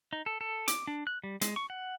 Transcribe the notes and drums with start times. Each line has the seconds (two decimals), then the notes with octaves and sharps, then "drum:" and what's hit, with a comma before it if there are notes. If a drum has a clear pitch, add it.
0.13 D#4
0.26 A4
0.41 A4
0.68 D6, drum: hi-hat
0.87 D4
1.07 F#6
1.24 G3
1.41 G#3, drum: hi-hat
1.56 C#6
1.70 F#5